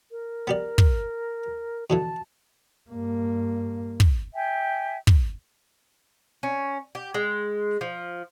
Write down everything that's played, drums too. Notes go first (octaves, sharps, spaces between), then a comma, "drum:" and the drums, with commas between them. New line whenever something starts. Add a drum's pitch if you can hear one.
A#4
B3 G4 D5
drum: kick
B2 D3 E3 A5
G2 A#3
drum: kick
E5 G5 G#5
drum: kick
C#4
G4
G#3
F3